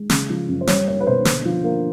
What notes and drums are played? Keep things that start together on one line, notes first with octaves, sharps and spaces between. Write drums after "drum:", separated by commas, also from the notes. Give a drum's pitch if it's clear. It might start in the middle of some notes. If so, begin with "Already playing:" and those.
Already playing: G#3
C#3, drum: snare
F3
F#2
C5
G3 C#5, drum: snare
A#3 C#5
B4
B2 C5
D3, drum: snare
F3
A#3